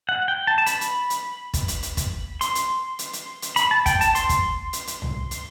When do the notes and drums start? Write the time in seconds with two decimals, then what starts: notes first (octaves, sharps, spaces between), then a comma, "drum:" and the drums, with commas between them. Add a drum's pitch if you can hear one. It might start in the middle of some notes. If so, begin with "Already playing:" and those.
0.09 F#5
0.28 G5
0.47 A5
0.58 A5
0.66 B5, drum: hi-hat
0.81 drum: hi-hat
1.10 drum: hi-hat
1.54 drum: kick, hi-hat
1.68 drum: hi-hat
1.83 drum: hi-hat
1.97 drum: kick, hi-hat
2.41 C6, drum: hi-hat
2.55 drum: hi-hat
2.99 drum: hi-hat
3.13 drum: hi-hat
3.42 drum: hi-hat
3.56 B5, drum: hi-hat
3.71 A5
3.86 G5, drum: kick, hi-hat
4.01 A5, drum: hi-hat
4.15 C6, drum: hi-hat
4.29 drum: kick, hi-hat
4.73 drum: hi-hat
4.87 drum: hi-hat
5.02 drum: tom C2
5.31 drum: hi-hat